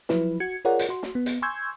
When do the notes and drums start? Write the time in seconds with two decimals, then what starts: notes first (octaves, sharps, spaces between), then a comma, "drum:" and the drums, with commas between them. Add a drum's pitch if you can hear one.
0.09 F3 F#3 E4 B4, drum: snare
0.40 F#4 G#6 C#7
0.65 F4 G#4 A#4 C#5 D5 F#5
0.79 drum: hi-hat
0.89 F#4 C6
1.03 drum: snare
1.15 B3
1.26 drum: hi-hat
1.42 G#5 C6 C#6 E6 G6 G#6